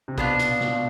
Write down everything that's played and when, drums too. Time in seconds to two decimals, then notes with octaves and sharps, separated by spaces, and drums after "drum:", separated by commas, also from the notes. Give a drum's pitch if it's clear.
0.08 C3
0.18 B2 B3 D4 F4, drum: kick
0.39 A#2, drum: hi-hat
0.60 B2, drum: snare